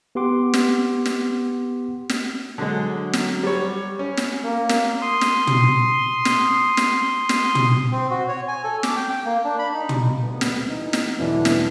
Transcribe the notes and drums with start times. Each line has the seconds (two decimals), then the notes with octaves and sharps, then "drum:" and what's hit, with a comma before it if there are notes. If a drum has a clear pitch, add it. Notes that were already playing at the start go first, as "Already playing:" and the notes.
0.15 B3 G4 F#5 C6 D6
0.54 drum: snare
1.05 drum: snare
2.09 drum: snare
2.58 D3 F#3 G#3
3.13 drum: snare
3.43 G3 C#5
3.99 C#4
4.17 drum: snare
4.44 A#3
4.69 drum: snare
5.02 C6 D#6
5.21 drum: snare
5.47 drum: tom
6.25 drum: snare
6.77 drum: snare
7.29 drum: snare
7.55 drum: tom
7.92 C4
8.10 F#4
8.28 C#5
8.48 G#5
8.64 A4
8.83 D6, drum: snare
8.96 G5
9.10 G5
9.26 A#3
9.44 D4
9.59 B5
9.73 D#4
9.89 drum: tom
10.21 D2 G2 B3
10.41 drum: snare
10.69 E3 D#4
10.93 drum: snare
11.19 B1 E2 G2 D3 E3 C#4 D4
11.45 drum: snare